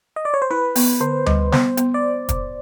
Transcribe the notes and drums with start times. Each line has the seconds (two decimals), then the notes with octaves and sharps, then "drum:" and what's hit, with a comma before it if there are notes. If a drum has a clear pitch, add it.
0.16 D#5
0.25 D5
0.34 C#5
0.42 C5
0.51 E4 B4
0.76 B3, drum: open hi-hat
1.00 D3 C5
1.26 G3, drum: tom D2
1.52 B3 C5, drum: snare
1.77 B3, drum: hi-hat
1.94 D5
2.29 drum: kick, hi-hat